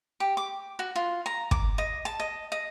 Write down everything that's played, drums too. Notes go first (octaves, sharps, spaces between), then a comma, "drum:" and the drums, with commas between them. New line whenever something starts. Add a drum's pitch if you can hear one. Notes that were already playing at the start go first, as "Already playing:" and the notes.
G4
D6
F#4
F4
A#5
D6, drum: kick
D#5
A5
D#5
D#5